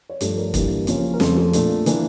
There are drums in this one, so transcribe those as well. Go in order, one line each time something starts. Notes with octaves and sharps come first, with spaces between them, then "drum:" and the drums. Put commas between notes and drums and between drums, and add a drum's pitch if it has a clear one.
C#5
G2 F3 A3 D4 A4, drum: hi-hat
A#4
G2 E3 G3 A#3, drum: kick, hi-hat
C#3 F3 A#3 C#4, drum: hi-hat
A#4
F2 C#3 F3 A3 A4, drum: snare
A4
A#2 A3 D4, drum: hi-hat
E3 A#3 D4, drum: hi-hat